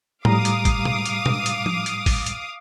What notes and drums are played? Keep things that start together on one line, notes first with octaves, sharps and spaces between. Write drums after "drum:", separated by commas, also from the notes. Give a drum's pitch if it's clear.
A2 G3 F5 A#5 D6 D#6, drum: tom A2
drum: hi-hat
drum: kick, hi-hat
drum: tom
drum: hi-hat
drum: tom
drum: hi-hat
drum: tom F3
drum: hi-hat
drum: kick, open hi-hat
drum: hi-hat